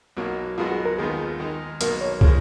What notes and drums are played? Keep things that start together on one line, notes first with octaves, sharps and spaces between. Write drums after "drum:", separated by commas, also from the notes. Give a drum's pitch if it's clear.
B1 B2 F#3 A#3
B1 B2 G#3 B3 F4 F#4
G#4
A#4
D#2 D#3 G#3 B3 F4 G#4
D#3 G#3 D#4
B1 B2 A#3 A#4, drum: hi-hat
C#5
C#3 F3 G#3, drum: kick